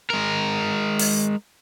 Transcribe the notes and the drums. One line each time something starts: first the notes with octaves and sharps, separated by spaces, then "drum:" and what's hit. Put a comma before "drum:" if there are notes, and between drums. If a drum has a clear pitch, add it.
G#3 A#4
drum: open hi-hat